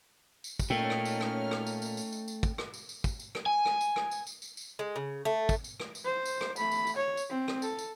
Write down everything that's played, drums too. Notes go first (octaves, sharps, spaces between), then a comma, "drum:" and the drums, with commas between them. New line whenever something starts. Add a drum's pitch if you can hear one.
drum: tambourine
drum: kick, tambourine
A#2 A3 C#4 D#4 G5 F6
drum: rim click
drum: tambourine
drum: rim click
drum: rim click
drum: tambourine
drum: tambourine
drum: tambourine
drum: tambourine
drum: tambourine
drum: kick, tambourine
drum: rim click
drum: tambourine
drum: tambourine
drum: kick, tambourine
drum: tambourine
drum: rim click
G#5
drum: rim click
drum: tambourine
drum: rim click
drum: tambourine
drum: tambourine
drum: tambourine
drum: tambourine
G#3
C#3
A3
drum: kick, tambourine
drum: tambourine
drum: rim click
drum: tambourine
C5
drum: tambourine
drum: rim click
A3 B5, drum: tambourine
drum: tambourine
drum: tambourine
C#5
drum: tambourine
C4
drum: rim click
A4, drum: tambourine
drum: tambourine